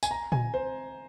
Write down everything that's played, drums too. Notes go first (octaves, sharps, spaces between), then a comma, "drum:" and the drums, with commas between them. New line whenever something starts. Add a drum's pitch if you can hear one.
G#5, drum: tambourine
A#5
G#5, drum: tom A#2
C5